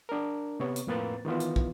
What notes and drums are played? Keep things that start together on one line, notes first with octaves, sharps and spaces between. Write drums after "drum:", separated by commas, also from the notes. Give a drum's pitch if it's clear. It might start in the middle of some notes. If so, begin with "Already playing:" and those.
D4 A#4
C3 B3 C#5
drum: hi-hat
F2 A2 A#3 C4 B4 A6
D#3 E3 B3 F4
drum: hi-hat
drum: kick